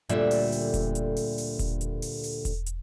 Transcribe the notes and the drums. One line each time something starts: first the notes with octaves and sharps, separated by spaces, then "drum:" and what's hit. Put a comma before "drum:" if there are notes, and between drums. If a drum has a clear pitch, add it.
D2 A#2 D3 G3 E5, drum: hi-hat
drum: open hi-hat
drum: open hi-hat
drum: kick E1, hi-hat
drum: hi-hat
drum: open hi-hat
drum: open hi-hat
drum: kick E1, hi-hat
drum: hi-hat
drum: open hi-hat
drum: open hi-hat
drum: kick E1, hi-hat
drum: hi-hat